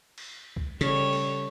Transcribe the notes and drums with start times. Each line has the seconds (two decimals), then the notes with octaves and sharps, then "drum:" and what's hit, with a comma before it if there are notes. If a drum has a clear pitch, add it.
0.18 drum: cymbal
0.56 drum: kick C#2
0.81 C#3 G3 A4 C#5, drum: hi-hat
1.13 drum: cymbal